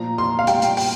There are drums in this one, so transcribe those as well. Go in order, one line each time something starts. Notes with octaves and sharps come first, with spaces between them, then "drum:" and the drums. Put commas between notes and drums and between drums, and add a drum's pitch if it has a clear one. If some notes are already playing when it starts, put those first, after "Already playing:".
Already playing: A#2 F3 A#5
C6
F5
A#2 G3 G5, drum: hi-hat
drum: hi-hat
G5, drum: open hi-hat